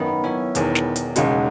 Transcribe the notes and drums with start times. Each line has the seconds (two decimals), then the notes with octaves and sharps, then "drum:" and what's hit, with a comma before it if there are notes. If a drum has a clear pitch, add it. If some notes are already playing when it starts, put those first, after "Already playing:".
Already playing: G#1 F#2 D#3 B3 D#4 F#4
0.23 C#4 E4
0.55 E1 E2 D#3, drum: hi-hat
0.75 drum: snare
0.96 drum: hi-hat
1.16 E1 D#2 C#3 G#3 D#4 F#4, drum: hi-hat